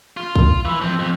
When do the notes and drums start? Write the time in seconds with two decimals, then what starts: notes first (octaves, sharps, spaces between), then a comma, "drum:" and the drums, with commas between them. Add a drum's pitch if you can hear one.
0.17 F4
0.36 drum: kick B1
0.65 E3
0.81 F3 C4
1.00 F2